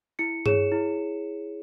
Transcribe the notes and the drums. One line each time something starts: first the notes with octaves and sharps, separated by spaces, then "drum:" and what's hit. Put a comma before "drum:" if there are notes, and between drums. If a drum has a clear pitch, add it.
E4 C#7
G#4 C#5 E7, drum: tom G2
E4